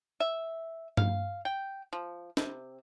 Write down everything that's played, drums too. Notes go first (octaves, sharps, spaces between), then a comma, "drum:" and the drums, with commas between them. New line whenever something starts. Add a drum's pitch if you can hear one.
E5
F5, drum: tom G2
G5
F3
C3, drum: snare